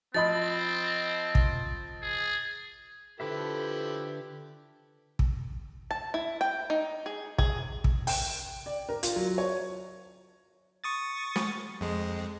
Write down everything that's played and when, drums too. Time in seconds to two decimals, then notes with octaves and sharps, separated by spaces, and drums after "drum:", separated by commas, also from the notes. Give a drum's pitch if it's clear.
0.14 F3 C4 D#5 B5 A6
1.35 drum: kick
2.02 G#4
3.20 D3 F3 E4 G4 A4 B4 E5
5.19 drum: kick
5.91 A5
6.14 E4
6.41 G5
6.70 D#4
7.06 G#4
7.38 G#4, drum: kick
7.84 drum: kick
8.07 G5, drum: open hi-hat
8.66 D5
8.89 A#4
9.03 F4, drum: hi-hat
9.16 F#3
9.38 C#5
10.84 C#6 D#6 A6
11.36 drum: snare
11.81 F2 G#3